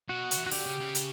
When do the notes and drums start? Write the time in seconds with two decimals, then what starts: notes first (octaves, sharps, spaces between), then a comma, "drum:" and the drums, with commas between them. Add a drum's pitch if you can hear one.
0.09 B2 F#4
0.31 C#3, drum: hi-hat
0.38 E3
0.46 D#3 F#4
0.52 D3 G4, drum: open hi-hat
0.66 C#3
0.80 C#3
0.95 drum: hi-hat